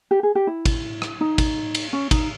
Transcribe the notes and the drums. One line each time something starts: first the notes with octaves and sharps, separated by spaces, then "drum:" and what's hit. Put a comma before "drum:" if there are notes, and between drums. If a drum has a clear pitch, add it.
G4
G#4
G4
E4
drum: kick, cymbal
drum: rim click
D#4
drum: kick, cymbal
drum: cymbal
C#4
D#4, drum: kick, cymbal